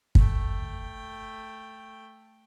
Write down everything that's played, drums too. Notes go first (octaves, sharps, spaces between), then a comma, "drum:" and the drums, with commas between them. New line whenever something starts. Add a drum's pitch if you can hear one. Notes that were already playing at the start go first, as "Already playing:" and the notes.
A3 G5, drum: kick